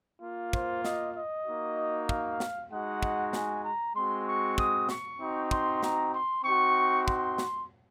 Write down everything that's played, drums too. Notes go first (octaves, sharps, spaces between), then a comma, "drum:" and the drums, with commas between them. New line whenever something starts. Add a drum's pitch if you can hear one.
A#3 F4
C5, drum: kick
D#5, drum: snare
D#5
A#3 D#4 F#4
F5, drum: kick
drum: snare
G#3 D#4 F#4 F#5
drum: kick
G#5, drum: snare
A#5
G#3 C4 F#4 C6
C#6
D#6, drum: kick
C#6, drum: snare
C4 D#4 F#4
C6, drum: kick
A#5, drum: snare
C6
C4 D#4 F#4 C#6
C6, drum: kick
drum: snare